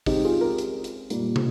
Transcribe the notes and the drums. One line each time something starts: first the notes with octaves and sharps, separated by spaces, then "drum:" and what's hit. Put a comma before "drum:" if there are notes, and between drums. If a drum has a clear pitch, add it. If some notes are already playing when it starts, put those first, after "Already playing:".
C#3 G#3 C4 D#4 G4, drum: kick, open hi-hat
F4 G#4
G4 A#4
drum: hi-hat
drum: hi-hat
A#2 G3 A#3, drum: hi-hat
drum: tom